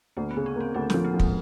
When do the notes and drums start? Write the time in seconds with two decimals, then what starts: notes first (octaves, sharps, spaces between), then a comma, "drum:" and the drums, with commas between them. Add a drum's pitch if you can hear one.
0.17 D2 A#3
0.31 B3
0.37 C#3
0.46 C#4
0.56 A#3 C4
0.74 D2 D4
0.90 C4, drum: snare
0.94 F3
1.05 A#3
1.14 F3
1.20 G#3, drum: kick